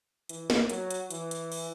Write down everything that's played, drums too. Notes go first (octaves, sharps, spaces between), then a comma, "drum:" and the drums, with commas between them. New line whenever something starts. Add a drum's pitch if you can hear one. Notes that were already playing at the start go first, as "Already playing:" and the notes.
E3, drum: hi-hat
drum: snare
F#3, drum: hi-hat
drum: hi-hat
E3, drum: hi-hat
drum: hi-hat
drum: open hi-hat